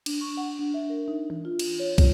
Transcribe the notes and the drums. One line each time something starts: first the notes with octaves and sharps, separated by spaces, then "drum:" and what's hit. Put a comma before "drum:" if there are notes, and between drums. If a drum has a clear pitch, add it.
D4, drum: cymbal
C#6
F#5
D4
E5
A#4
D#4
E3
F4
drum: cymbal
C#5
F4, drum: kick, cymbal